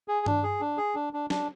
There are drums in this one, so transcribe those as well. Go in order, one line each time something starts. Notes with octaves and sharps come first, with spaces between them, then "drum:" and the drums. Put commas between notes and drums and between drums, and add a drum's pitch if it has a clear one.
G#4
D4, drum: tom G2
G#4
D4
G#4
D4
D4
D4, drum: snare